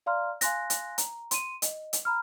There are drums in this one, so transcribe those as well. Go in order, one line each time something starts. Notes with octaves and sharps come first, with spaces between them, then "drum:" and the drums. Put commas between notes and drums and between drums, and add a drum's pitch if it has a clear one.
D5 F5 A#5 C6 F6
F5 G#5 C6 F#6 A#6, drum: hi-hat
drum: hi-hat
A#5, drum: hi-hat
C6 D#7, drum: hi-hat
D#5, drum: hi-hat
drum: hi-hat
A#5 B5 F6